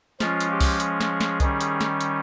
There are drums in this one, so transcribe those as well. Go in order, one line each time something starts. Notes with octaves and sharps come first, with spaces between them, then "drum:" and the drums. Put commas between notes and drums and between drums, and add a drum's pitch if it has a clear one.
F3 G#3 C#4 F4, drum: snare
drum: hi-hat
G4
drum: kick C2, open hi-hat
G#4, drum: hi-hat
drum: snare
drum: snare
D#3 G3 C#4, drum: kick C2, hi-hat
drum: hi-hat
drum: snare
drum: hi-hat